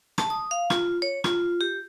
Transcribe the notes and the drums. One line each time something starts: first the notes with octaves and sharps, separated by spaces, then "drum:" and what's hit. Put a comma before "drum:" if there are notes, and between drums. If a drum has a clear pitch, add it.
A5, drum: rim click
D#6
F5
F4, drum: rim click
C#5
F4, drum: rim click
G4